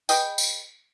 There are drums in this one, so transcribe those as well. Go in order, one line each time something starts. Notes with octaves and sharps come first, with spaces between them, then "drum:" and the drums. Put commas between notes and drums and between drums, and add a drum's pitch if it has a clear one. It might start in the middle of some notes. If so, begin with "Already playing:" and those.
G#4 B4 D#5 G5, drum: tambourine
drum: tambourine